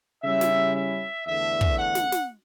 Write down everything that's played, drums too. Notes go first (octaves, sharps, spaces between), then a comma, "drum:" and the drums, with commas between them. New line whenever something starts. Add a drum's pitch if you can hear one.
C#3 G3 C#4 E4 E5
drum: snare
E5
E2 D3 A3 E5
drum: kick
F#5
drum: snare
drum: snare